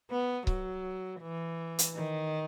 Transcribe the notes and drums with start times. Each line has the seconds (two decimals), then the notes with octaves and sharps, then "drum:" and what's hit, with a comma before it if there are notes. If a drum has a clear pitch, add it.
0.11 B3
0.47 F#3, drum: kick C#1
1.21 E3
1.79 drum: hi-hat
1.95 D#3